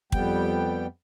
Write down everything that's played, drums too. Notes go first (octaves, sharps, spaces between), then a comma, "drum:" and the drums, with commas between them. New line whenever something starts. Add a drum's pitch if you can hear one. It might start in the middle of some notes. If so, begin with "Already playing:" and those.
F2 G3 B3 G5, drum: kick